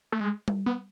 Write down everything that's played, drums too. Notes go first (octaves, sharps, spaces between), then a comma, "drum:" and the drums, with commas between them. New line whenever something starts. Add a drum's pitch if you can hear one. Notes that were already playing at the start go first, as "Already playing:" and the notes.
A3
G#3
drum: tom G3
B3